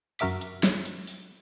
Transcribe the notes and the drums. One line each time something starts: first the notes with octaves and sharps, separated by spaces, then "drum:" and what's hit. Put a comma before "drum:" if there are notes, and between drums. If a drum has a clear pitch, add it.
F#2 F#4 A#4 E5 D6 B6, drum: open hi-hat
drum: hi-hat
drum: snare
drum: hi-hat
drum: open hi-hat